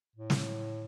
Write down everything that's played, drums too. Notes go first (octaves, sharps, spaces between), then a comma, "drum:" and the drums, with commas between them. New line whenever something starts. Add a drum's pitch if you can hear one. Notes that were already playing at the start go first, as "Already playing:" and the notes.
A2
drum: snare